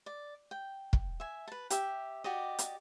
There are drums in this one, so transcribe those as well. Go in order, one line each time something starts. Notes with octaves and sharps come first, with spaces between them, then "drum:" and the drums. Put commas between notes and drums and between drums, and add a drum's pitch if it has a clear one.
D5
G5
drum: kick
E5 G#5
B4 A5
G4 E5 G5, drum: hi-hat
F#4 G4 D5 D#5
drum: hi-hat